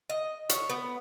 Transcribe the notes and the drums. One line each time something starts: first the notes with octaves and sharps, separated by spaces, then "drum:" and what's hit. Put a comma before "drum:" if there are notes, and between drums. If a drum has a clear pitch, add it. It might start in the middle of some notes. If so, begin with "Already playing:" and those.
D#5
C#5, drum: hi-hat
B3